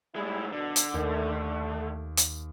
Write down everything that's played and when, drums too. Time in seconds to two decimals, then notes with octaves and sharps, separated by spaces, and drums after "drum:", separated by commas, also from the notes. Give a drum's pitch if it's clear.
0.16 A2 G3 G#3 E4 E6
0.52 B1 B2 D3
0.76 drum: hi-hat
0.94 D#2 A3
2.17 drum: hi-hat